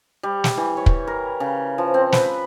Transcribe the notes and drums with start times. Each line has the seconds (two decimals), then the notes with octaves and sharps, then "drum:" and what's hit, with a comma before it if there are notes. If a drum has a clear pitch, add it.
0.23 G3
0.44 drum: snare
0.58 E3
0.77 C#5
0.86 drum: kick
1.07 A#4
1.40 C#3
1.78 F3
1.94 C4
2.12 B4, drum: snare